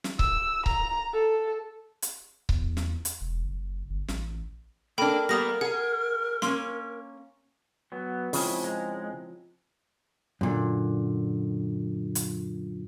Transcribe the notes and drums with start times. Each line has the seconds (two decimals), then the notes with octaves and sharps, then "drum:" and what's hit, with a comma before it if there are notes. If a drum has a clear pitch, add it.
0.04 drum: snare
0.19 E6, drum: kick C#1
0.66 A#5, drum: kick C#1
1.13 A4
2.02 drum: hi-hat
2.49 E2, drum: kick C#1
2.77 drum: snare
3.05 drum: hi-hat
3.21 E1
3.45 F#1
3.90 G1
4.08 A1, drum: snare
4.98 A#3 D4 A4 A#4 G5 B5
5.29 G3 A#3 B3 A#5 D#6 A#6
5.61 G#4 F#5 G#5
6.42 A#3 C#4 C6, drum: snare
7.92 F#3 B3
8.33 C#3 F3 G#3 C4 E4, drum: open hi-hat
8.64 G#3 A#5
10.41 F#2 A#2 D3
12.15 drum: hi-hat